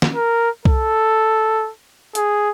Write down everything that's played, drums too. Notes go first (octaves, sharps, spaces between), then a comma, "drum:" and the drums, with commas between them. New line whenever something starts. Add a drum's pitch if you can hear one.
drum: snare
A#4
A4, drum: kick C2
G#4, drum: hi-hat